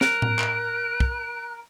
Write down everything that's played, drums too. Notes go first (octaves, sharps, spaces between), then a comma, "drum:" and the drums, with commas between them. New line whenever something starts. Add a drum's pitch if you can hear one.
A#4 F#6, drum: snare
drum: tom A2
drum: clap
drum: kick